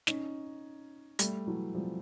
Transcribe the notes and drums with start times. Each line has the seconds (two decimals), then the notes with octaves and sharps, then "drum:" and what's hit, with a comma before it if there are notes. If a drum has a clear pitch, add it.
0.07 C#4 D#4, drum: snare
1.19 G3 A3, drum: hi-hat
1.47 E3 F#3
1.75 F3 G3